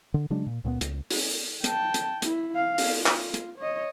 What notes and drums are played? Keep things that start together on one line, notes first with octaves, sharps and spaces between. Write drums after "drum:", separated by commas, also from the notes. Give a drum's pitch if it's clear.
D3
C#3 F#3 G#3 D4
A#2
C#2 A#2 F3 B3
C#2, drum: hi-hat
drum: open hi-hat
G5 A5, drum: hi-hat
drum: hi-hat
E4, drum: hi-hat
F5
drum: open hi-hat
F4
drum: clap
drum: hi-hat
C#5 D#5